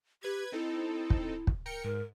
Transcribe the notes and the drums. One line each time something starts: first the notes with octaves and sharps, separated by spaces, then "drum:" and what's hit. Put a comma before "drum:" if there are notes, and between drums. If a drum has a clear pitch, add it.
G4 B4 G#6
C4 D#4 E4 A4
drum: kick
drum: kick
A#4 G5 C#7
G#2 A#4